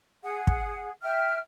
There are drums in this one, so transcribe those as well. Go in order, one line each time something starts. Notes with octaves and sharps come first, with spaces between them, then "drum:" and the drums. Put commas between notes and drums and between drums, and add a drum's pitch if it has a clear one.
G#4 F#5
drum: kick
E5 G5 F6